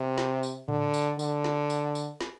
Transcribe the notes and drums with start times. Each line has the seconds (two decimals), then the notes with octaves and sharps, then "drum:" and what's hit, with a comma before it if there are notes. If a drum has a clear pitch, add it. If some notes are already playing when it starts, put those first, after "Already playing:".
Already playing: C3
0.18 drum: snare
0.43 drum: tambourine
0.68 D3, drum: tom A2
0.94 drum: tambourine
1.19 D3, drum: tambourine
1.44 drum: snare
1.70 drum: tambourine
1.95 drum: tambourine
2.21 drum: snare